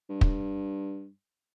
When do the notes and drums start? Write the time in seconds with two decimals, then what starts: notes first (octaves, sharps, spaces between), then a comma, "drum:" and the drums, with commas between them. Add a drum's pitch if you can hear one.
0.09 G2
0.21 drum: kick